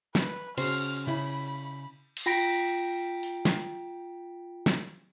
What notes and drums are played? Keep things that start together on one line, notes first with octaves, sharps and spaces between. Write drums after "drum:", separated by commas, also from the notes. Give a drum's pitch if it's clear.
B4, drum: snare
C#3 F#4 C5 F6, drum: cymbal
C#3 E4 B5
drum: cymbal
F4 G5 B5 A#6 B6 D7
drum: open hi-hat
drum: snare
drum: snare